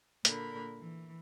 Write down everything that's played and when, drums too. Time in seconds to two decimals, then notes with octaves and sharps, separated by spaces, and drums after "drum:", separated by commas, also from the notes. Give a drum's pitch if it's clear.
0.25 A#2 D3 A#4 B5, drum: hi-hat
0.79 E3